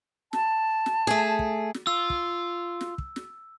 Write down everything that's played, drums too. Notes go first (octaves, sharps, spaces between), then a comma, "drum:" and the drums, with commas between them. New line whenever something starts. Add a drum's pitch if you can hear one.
A5, drum: snare
drum: snare
A3 G#4
drum: kick
drum: snare
F4 E6
drum: kick
drum: snare
drum: kick
drum: snare